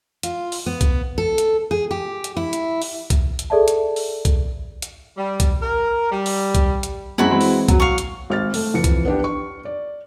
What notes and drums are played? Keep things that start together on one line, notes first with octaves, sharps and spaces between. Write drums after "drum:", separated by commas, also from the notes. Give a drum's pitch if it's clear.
F4, drum: hi-hat
drum: open hi-hat
B3
drum: kick, hi-hat
A4
drum: hi-hat
G#4
G4
drum: hi-hat
E4
drum: hi-hat
drum: open hi-hat
drum: kick, hi-hat
drum: hi-hat
G#4 A4 D5 E5 A5
drum: hi-hat
drum: open hi-hat
drum: kick, hi-hat
drum: hi-hat
G3
drum: kick, hi-hat
A#4
G3
drum: open hi-hat
drum: kick, hi-hat
drum: hi-hat
F#2 G#3 C4 E4 F#4 B5
E3 G#3 C4
drum: open hi-hat
F#3 F#4, drum: kick, hi-hat
F5 C#6
drum: hi-hat
G#1 F6 A6
A3, drum: open hi-hat
F2 E3 C#7
drum: kick, hi-hat
B3 D4 G4
C#6
D5